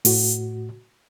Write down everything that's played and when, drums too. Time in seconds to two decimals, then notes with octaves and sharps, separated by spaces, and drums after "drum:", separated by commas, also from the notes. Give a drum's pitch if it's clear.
0.05 A2 F#4, drum: open hi-hat